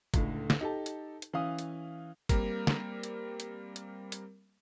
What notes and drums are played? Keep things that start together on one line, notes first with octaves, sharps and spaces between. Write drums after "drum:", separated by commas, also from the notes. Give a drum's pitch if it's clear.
C#2 A2 D3, drum: kick, hi-hat
drum: snare
D#4 G4 A4 A5
drum: hi-hat
drum: hi-hat
E3 C#4 F5 D#6
drum: hi-hat
G3 A#3 C4 A#4, drum: kick, hi-hat
drum: snare
drum: hi-hat
drum: hi-hat
drum: hi-hat
drum: hi-hat